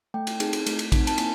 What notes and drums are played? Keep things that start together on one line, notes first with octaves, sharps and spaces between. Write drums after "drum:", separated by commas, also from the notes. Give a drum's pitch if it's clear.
A3 G5
drum: cymbal
C4 D#4 G#4, drum: cymbal
drum: cymbal
A3, drum: cymbal
drum: cymbal
C4 D#4, drum: kick, cymbal
A5, drum: cymbal
A#3 G#5, drum: cymbal